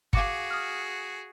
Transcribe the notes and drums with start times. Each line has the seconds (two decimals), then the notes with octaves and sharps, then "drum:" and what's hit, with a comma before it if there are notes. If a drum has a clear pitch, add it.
0.13 F#4 G#4 F5 D6 C#7, drum: kick G1
0.50 D#6 F6